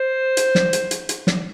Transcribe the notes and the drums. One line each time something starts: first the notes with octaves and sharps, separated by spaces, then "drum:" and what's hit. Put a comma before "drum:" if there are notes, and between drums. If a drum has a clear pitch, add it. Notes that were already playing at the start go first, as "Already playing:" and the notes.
Already playing: C5
drum: hi-hat
drum: snare
drum: hi-hat
drum: hi-hat
drum: hi-hat
drum: snare